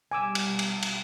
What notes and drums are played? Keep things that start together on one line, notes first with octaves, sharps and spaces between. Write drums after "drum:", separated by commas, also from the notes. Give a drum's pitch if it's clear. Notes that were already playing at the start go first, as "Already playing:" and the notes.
B1 B2 G3 G#5 D6 E6
drum: cymbal
drum: cymbal
drum: cymbal